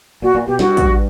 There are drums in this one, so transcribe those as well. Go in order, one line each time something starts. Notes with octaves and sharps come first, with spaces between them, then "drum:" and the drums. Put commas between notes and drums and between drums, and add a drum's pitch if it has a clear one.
A#2 F#4
A#2
B2 G4
G2 F#4, drum: snare
drum: kick, hi-hat